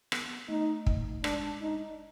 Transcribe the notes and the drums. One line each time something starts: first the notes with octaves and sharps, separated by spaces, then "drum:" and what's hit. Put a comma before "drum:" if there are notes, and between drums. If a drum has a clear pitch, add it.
B3, drum: rim click
A3 D#4
drum: kick
G#3 D4, drum: rim click
D#4